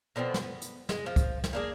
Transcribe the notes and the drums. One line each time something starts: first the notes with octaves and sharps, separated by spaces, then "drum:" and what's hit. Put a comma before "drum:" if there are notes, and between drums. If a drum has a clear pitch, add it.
B2 D3 F3 C4
drum: snare
B3
drum: hi-hat
G#3, drum: snare
F3
drum: kick, hi-hat
drum: snare
A#3 D4 G#4